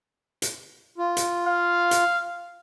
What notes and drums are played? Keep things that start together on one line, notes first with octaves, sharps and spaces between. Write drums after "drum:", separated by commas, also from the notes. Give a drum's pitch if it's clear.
drum: hi-hat
F4
drum: hi-hat
F5
drum: hi-hat